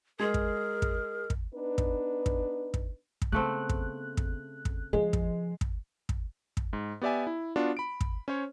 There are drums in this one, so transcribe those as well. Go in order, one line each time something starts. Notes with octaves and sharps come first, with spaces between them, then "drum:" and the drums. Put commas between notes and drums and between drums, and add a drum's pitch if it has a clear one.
G#3 G#4 A#4 D#5 C6 G#6
drum: kick
drum: kick
drum: kick
B3 D4 D#4 B4
drum: kick
drum: kick
drum: kick
drum: kick
C#3 A3 B3 C4 F#6
drum: kick
drum: kick
drum: kick
F3 G#3 G#4
drum: kick
drum: kick
drum: kick
drum: kick
G#2
B3 G4 D5 E5 G#5
E4
B3 D4 F4 F#4
B5 D7
drum: kick
C#4 C5 C#5